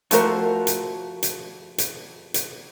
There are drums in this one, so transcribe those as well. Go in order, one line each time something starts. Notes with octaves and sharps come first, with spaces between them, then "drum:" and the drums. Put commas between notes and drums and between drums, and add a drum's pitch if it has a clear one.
F3 A3 F#4 A#4 C5, drum: hi-hat
drum: hi-hat
drum: hi-hat
drum: hi-hat
drum: hi-hat